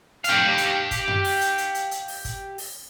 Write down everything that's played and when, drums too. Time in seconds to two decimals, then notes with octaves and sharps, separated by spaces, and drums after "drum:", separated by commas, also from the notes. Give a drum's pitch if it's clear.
0.24 G4 F5, drum: hi-hat
0.58 drum: hi-hat
0.91 drum: kick, hi-hat
1.08 drum: tom F#2
1.24 drum: open hi-hat
1.41 drum: hi-hat
1.58 drum: hi-hat
1.75 drum: hi-hat
1.91 drum: hi-hat
2.08 drum: open hi-hat
2.25 drum: kick, hi-hat
2.58 drum: open hi-hat